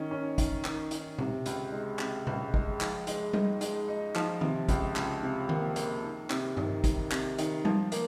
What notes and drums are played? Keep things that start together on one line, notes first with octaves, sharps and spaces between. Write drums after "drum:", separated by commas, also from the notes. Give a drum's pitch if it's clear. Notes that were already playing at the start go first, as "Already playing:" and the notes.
Already playing: D#3 C#4
C#4
D#3, drum: kick, hi-hat
D#3, drum: clap
D#3, drum: hi-hat
C3, drum: tom B2
C#2, drum: hi-hat
G#3
C3, drum: clap
C#2, drum: tom B2
G#3, drum: kick
F3, drum: clap
G#3, drum: hi-hat
D#4, drum: tom G3
G#3, drum: hi-hat
D#4
F3, drum: clap
C3, drum: tom D#3
C#2, drum: kick, hi-hat
C#2, drum: clap
C3
A#3, drum: tom D#3
A#3, drum: hi-hat
D#3
C3, drum: clap
D#3, drum: tom G2
D#3, drum: kick, hi-hat
C3, drum: clap
D#3, drum: hi-hat
F3, drum: tom G3
A#3, drum: hi-hat